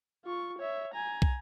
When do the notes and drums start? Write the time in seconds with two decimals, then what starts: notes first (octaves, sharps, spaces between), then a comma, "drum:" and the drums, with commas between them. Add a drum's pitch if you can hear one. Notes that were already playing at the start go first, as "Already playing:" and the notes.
0.25 F4 C#6
0.58 C#5 E5
0.94 G#5 A#5
1.22 drum: kick